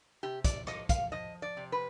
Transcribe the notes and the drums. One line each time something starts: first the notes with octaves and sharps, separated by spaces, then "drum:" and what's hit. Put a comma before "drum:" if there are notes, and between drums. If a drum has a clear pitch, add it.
C3 G4
D5, drum: kick, hi-hat
F3 D#5, drum: rim click
F5, drum: kick, hi-hat
F3 D#5
D5
C3
B4